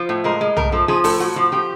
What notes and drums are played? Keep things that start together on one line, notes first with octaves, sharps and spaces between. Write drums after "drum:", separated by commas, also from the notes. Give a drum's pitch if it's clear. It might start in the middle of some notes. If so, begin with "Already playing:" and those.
Already playing: F3
A2
G#3 A#4
G#3
A2 A#4, drum: tom
F3 A4
F3 G#4
A2 A4, drum: open hi-hat
A2 F#4
F3
F3 G4